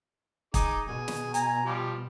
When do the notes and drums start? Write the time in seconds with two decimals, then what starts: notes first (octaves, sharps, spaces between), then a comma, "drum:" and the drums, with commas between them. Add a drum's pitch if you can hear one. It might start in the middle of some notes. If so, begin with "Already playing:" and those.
0.54 D#4 G#4 D6, drum: kick, hi-hat
0.87 B2 G#4
1.08 drum: snare
1.34 G#5 A#5, drum: hi-hat
1.66 F3 G3